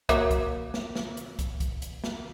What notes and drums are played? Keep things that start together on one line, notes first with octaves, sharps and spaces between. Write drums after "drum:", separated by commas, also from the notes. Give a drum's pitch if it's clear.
F#3 A#3 E5, drum: kick, hi-hat
drum: kick, hi-hat
drum: snare
drum: snare
drum: hi-hat
drum: kick, hi-hat
drum: kick, hi-hat
drum: hi-hat
drum: snare